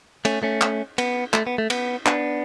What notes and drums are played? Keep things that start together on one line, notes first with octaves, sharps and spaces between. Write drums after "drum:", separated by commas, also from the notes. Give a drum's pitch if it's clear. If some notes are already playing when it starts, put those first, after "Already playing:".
A3 C#4, drum: cymbal
A3 C#4
drum: clap
B3, drum: cymbal
A3, drum: clap
B3
A3
B3, drum: cymbal
B3 D4, drum: clap